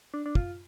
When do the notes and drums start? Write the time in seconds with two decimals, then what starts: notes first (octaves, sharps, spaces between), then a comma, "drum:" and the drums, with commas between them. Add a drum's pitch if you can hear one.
0.14 D4
0.26 D4
0.35 F4, drum: kick